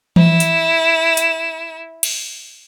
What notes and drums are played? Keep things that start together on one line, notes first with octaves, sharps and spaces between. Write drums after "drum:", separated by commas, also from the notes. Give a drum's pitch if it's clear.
E4 E7, drum: tom E3
drum: hi-hat
drum: hi-hat
drum: cymbal